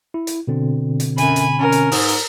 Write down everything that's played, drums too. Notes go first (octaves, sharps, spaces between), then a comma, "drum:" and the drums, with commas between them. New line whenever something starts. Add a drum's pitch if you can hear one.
E4
drum: hi-hat
B2 D3 C4
drum: hi-hat
F#2 G#5 B5, drum: hi-hat
drum: hi-hat
C#4 A#4
drum: hi-hat
G#2 G#5 D#6 E6, drum: open hi-hat
drum: hi-hat